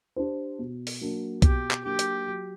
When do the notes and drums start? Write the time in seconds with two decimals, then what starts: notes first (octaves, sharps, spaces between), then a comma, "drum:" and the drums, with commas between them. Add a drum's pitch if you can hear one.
0.16 D4 G4 C5
0.59 B2
0.87 drum: open hi-hat
1.01 F#3 A#3 D4
1.42 B2 G4, drum: kick B1, hi-hat
1.71 drum: clap
1.84 F#3 A#3 D4 G4
1.99 drum: hi-hat
2.27 F#3